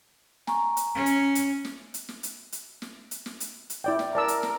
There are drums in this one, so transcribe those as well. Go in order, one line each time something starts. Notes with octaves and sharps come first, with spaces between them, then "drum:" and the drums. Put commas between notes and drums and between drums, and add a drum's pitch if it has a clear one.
G#5 A#5 C#6, drum: snare
drum: hi-hat
C#4
drum: hi-hat
drum: hi-hat
drum: snare
drum: hi-hat
drum: snare
drum: hi-hat
drum: hi-hat
drum: snare
drum: hi-hat
drum: snare
drum: hi-hat
drum: hi-hat
E4 D5 G5
drum: snare
A#4 D5 A5 E6
drum: hi-hat
drum: snare